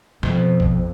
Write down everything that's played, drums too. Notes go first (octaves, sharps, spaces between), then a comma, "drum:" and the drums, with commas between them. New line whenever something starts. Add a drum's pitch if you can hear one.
F2 B2, drum: snare
drum: kick A1